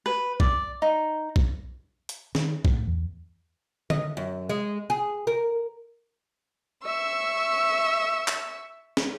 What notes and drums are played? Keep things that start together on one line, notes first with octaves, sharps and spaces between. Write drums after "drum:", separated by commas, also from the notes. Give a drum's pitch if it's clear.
B4
D5, drum: kick B1
D#4
drum: kick B1
drum: hi-hat
D#3, drum: snare
A2, drum: kick B1
E2
D#5, drum: tom
F#2
G#3
G#4
A#4
E5 C#6 E6
drum: clap
drum: snare